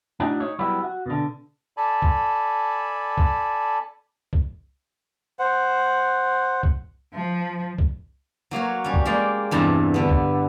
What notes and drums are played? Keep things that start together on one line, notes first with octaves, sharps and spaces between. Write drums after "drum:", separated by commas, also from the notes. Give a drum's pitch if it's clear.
A2 D4 D#4 F#4
D#4 C#5
F#3 G3 B3 E4
F#4
B2 D3
A4 D5 G#5 A5 B5
drum: kick C2
drum: kick C2
drum: kick C2
C5 F#5
drum: kick C2
F3
drum: kick C2
F#3 A#3 F#4 C#5
G3 C#4
drum: kick C2
G#3 A#3 D5 G5
E2 G2 C3 A5 A#5
D3 B3
drum: kick C2